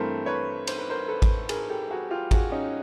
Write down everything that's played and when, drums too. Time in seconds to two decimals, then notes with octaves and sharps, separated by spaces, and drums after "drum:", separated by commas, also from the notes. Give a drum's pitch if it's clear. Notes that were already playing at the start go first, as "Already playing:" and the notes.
Already playing: G2 E3 A3 C4 A#4 C5
0.26 B4 C#5
0.67 C5, drum: cymbal
0.79 B4
0.89 A#4 C5
1.08 A4 B4
1.22 drum: kick G#1, cymbal
1.49 G#4 A#4, drum: cymbal
1.69 G4 A4
1.90 F#4 G#4
2.10 F4 G4
2.31 F#4 G#4, drum: kick G#1, cymbal
2.52 C#4 D#4